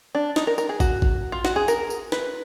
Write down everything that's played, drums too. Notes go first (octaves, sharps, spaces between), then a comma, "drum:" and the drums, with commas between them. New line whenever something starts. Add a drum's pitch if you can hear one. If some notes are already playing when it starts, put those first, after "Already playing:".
D4
D#4, drum: snare
A#4
A#4, drum: tambourine
G#4
F#4, drum: kick, tambourine
drum: kick
F4
F#4, drum: snare
G#4
A#4, drum: tambourine
drum: tambourine
B4, drum: snare